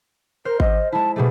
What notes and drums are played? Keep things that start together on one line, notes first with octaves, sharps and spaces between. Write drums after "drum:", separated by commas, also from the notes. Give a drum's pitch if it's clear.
A#4 C5 F6
D#5, drum: kick G#1
G#3 E4 A5
B2 G3 A3 G#4